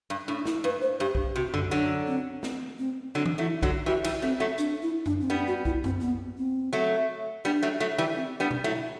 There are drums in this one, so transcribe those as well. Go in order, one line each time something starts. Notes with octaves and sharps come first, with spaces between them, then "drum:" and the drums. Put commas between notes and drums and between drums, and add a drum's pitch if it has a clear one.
G2
A2 D4
E4, drum: snare
G2 B4
C5
G2 G4
drum: kick B1
C3 F#4
D3, drum: tom F#2
D3 F#3 D4
C4
C4, drum: snare
C4
D3 F#3 D4
drum: tom E3
F#3 A3 E4
D3 F#3 F#4, drum: kick B1
E3 G3 F#4
E3 G3, drum: cymbal
F#3 A3 C4
F#3 A3
D4, drum: hi-hat
E4
D4, drum: tom F#2
C4
G3 B3 D4
F#4
E4, drum: kick B1
C4, drum: tom F#2
B3
C4
F#3 A3
G3 B3 D4
F#3 A3
F#3 A3
E3 G3
C4
G3 B3 D4
drum: tom B2
F#3 A3 E4